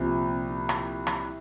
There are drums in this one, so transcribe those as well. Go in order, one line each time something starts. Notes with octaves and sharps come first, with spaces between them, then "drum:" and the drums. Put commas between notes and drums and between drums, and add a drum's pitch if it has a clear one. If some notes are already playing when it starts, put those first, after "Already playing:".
Already playing: C2 A#2 F3
C4
C4
E4
drum: rim click
drum: rim click